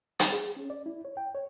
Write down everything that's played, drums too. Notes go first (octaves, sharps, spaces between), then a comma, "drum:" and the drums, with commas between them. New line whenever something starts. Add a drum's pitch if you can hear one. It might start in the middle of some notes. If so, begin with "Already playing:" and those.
A6, drum: hi-hat
G#4
C#4
D5
E4
C#5
G5
C#5